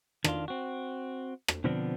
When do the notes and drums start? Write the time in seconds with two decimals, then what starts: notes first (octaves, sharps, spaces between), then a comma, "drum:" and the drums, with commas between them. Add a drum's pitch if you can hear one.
0.24 D#3 D4 F4, drum: rim click
0.48 C4 F#4
1.48 drum: rim click
1.64 B2 D3 F3 B3 C4 D4